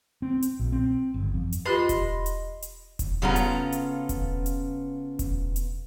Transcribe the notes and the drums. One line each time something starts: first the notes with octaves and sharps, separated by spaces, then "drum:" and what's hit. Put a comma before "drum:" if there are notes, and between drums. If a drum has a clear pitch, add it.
C4
drum: hi-hat
A#1
C4
G1
F2
drum: hi-hat
F4 G4 B4 D#5 B5 C6
drum: kick E1, hi-hat
drum: hi-hat
drum: hi-hat
drum: kick E1, hi-hat
C#3 B3 C#4 F4 A4 A#5
drum: hi-hat
drum: hi-hat
drum: kick E1, hi-hat
drum: hi-hat
drum: kick E1, hi-hat
drum: hi-hat